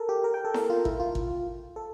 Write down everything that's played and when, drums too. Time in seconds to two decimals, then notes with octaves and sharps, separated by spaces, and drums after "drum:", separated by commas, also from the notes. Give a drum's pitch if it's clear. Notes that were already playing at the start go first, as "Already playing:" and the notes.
Already playing: A4 A#4
0.09 G4
0.24 A#4
0.34 G5
0.45 A4
0.54 A#4, drum: snare E4
0.70 F4
0.85 E4, drum: kick
1.00 F4
1.15 drum: kick
1.76 A4